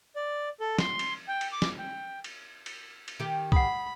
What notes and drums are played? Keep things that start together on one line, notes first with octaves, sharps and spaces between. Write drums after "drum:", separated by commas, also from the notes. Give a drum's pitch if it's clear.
D5
A4
C6, drum: snare
drum: cymbal
G5
drum: cymbal
D6
drum: snare
G5
drum: cymbal
drum: cymbal
drum: cymbal
D#3 G4
F#5 B5 D#6, drum: kick